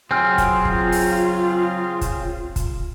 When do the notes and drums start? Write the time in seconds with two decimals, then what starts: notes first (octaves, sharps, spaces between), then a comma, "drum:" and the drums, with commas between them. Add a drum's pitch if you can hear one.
0.11 C#3 F#3 C4 F4 G#4 G#5 F6
0.38 drum: kick, hi-hat
0.65 drum: kick
0.92 drum: open hi-hat
2.01 drum: kick, hi-hat
2.56 drum: kick, hi-hat